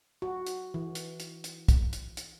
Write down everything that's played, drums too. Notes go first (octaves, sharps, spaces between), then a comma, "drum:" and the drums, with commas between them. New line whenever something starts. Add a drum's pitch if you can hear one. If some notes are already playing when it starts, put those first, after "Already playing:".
F#4
drum: hi-hat
E3
drum: hi-hat
drum: hi-hat
drum: hi-hat
drum: kick, hi-hat
drum: hi-hat
drum: hi-hat